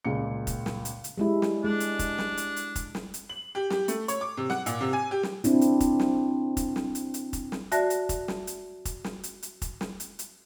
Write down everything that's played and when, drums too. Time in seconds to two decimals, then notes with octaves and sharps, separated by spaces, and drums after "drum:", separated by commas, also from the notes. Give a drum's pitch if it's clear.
0.05 C#2 A#2 C#7
0.47 drum: kick, hi-hat
0.66 drum: snare
0.85 drum: hi-hat
1.04 drum: hi-hat
1.18 G3 G#3 E4
1.42 drum: snare
1.65 G#3 D4
1.80 drum: hi-hat
1.99 drum: kick, hi-hat
2.18 drum: snare
2.37 drum: hi-hat
2.56 drum: hi-hat
2.76 drum: kick, hi-hat
2.95 drum: snare
3.14 drum: hi-hat
3.29 F#7
3.55 G4
3.70 G4, drum: snare
3.88 A3, drum: hi-hat
4.08 C#5, drum: hi-hat
4.21 D6
4.37 C3
4.50 F#5, drum: snare
4.66 A#2, drum: hi-hat
4.81 C3
4.93 G#5
5.11 G4
5.23 drum: snare
5.44 C4 D4 E4, drum: hi-hat
5.61 drum: hi-hat
5.80 drum: kick, hi-hat
6.00 drum: snare
6.57 drum: kick, hi-hat
6.76 drum: snare
6.95 drum: hi-hat
7.14 drum: hi-hat
7.33 drum: kick, hi-hat
7.52 drum: snare
7.72 F#4 D5 E5 A5 F#6 A#6, drum: hi-hat
7.90 drum: hi-hat
8.09 drum: kick, hi-hat
8.28 drum: snare
8.47 drum: hi-hat
8.85 drum: kick, hi-hat
9.04 drum: snare
9.23 drum: hi-hat
9.43 drum: hi-hat
9.62 drum: kick, hi-hat
9.81 drum: snare
10.00 drum: hi-hat
10.19 drum: hi-hat